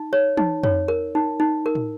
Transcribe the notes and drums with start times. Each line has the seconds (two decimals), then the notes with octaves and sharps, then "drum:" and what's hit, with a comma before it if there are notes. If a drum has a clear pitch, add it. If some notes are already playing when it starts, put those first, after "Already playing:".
Already playing: D#4
0.13 C#5
0.37 D#4, drum: tom E3
0.63 C#5, drum: tom F2
0.88 A#4
1.15 D#4
1.40 D#4
1.66 A#4
1.75 drum: tom